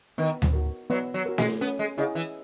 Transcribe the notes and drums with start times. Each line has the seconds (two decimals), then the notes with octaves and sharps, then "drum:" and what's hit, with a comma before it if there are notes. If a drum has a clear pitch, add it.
0.18 D#3 B3
0.42 drum: tom D2
0.53 F#4 A#4
0.90 F#3 B3
1.14 F#3
1.26 F#4 A#4
1.38 G#3, drum: snare
1.61 B3 C#4
1.79 G#3
1.98 C#3 E4 G#4 D#5 F#5
2.15 E3